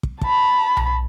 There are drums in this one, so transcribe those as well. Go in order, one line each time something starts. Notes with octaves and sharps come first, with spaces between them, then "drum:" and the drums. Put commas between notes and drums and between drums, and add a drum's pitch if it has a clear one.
drum: kick
A5 B5, drum: kick
drum: tom B1